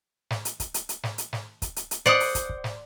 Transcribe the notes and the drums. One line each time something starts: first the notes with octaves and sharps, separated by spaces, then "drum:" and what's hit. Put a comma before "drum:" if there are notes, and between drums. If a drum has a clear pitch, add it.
drum: snare
drum: hi-hat
drum: kick, hi-hat
drum: hi-hat
drum: hi-hat
drum: snare
drum: hi-hat
drum: snare
drum: kick, hi-hat
drum: hi-hat
drum: hi-hat
C5 D5 F#5 D#6, drum: snare
drum: open hi-hat
drum: kick, hi-hat
drum: kick
drum: snare